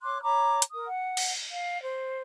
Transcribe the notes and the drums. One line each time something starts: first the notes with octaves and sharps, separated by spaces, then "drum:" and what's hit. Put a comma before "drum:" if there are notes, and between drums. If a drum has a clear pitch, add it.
C#5 C6 D6 F#6
C#5 A#5 B5 D6
drum: hi-hat
A#4 D#6
F#5
drum: cymbal
F5
C5